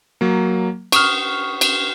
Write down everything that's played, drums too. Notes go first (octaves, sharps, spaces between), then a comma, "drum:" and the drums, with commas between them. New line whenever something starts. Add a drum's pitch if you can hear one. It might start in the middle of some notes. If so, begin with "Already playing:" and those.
F#3 A#3
C#6 D#6 F6, drum: cymbal
drum: cymbal